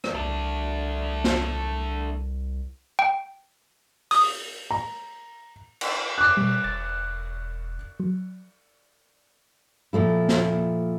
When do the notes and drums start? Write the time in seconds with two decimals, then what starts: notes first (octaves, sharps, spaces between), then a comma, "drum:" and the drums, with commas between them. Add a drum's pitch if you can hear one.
0.04 drum: rim click
0.15 C2 A3 D4
1.24 drum: snare
2.99 G5
4.11 D#6, drum: open hi-hat
4.71 A#5
5.81 drum: cymbal
6.18 D6 F#6
6.37 B2 G3
6.64 E1 A6
8.00 F#3
9.93 A#2 F3 A3 E4
10.29 drum: snare